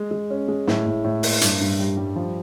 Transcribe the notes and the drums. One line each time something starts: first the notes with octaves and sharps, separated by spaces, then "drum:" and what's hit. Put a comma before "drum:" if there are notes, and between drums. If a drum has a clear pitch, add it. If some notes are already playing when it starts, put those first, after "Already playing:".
Already playing: G#3
G#3
C#4
G#3
A2, drum: snare
A2
A2
A#3, drum: open hi-hat
G2, drum: hi-hat
G2
G3
G3
F3